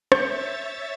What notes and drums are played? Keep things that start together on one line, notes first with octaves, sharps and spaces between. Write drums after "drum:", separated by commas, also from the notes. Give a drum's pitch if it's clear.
C#5 E5 G6 A6 C#7, drum: rim click